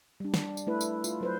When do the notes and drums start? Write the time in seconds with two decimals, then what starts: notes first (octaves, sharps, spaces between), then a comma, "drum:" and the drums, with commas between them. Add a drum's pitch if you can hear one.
0.20 G3 D4
0.34 drum: snare
0.57 drum: tambourine
0.67 A3 E4 B4
0.81 drum: tambourine
1.04 F4, drum: tambourine
1.21 F#3 B4 C5